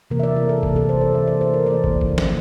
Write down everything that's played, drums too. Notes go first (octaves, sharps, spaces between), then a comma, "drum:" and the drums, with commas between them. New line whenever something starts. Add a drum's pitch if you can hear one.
C3 E3 A#3 A#4
E5
D5
A#4
A4
C3 E3 A#3, drum: kick
A4
C5
D5
E3 A#3 E5
D5
C5
A#4
E3 A#3 D5
drum: kick
drum: kick
E3 A#3, drum: snare